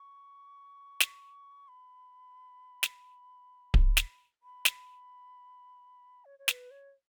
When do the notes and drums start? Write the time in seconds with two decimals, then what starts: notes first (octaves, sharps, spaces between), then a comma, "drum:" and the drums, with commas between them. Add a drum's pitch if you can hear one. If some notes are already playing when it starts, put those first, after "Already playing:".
Already playing: C#6
1.00 drum: snare
1.68 B5
2.83 drum: snare
3.74 drum: kick D1
3.97 drum: snare
4.43 B5
4.65 drum: snare
6.25 C#5
6.39 C#5
6.48 B4, drum: snare
6.71 C#5